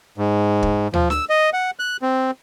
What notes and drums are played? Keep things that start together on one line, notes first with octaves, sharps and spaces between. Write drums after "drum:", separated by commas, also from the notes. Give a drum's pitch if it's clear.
G#2
drum: kick
F3, drum: tom
E6, drum: snare
D#5
F#5
F#6
C4